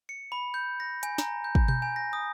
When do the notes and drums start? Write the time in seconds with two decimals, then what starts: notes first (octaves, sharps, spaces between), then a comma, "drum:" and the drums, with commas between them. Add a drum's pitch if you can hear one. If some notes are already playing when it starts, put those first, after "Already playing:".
0.09 C#7
0.32 B5
0.54 G6
0.80 A#6
1.03 G#5, drum: hi-hat
1.18 A#5, drum: snare
1.44 G6
1.55 drum: kick
1.68 G6, drum: tom B2
1.82 G#5
1.96 A#6
2.13 D#6